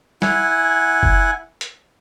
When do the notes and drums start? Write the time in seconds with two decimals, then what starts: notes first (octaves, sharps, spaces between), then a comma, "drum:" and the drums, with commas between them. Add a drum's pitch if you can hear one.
0.22 E4 F#5 G#5, drum: snare
1.03 drum: kick F#1
1.61 drum: hi-hat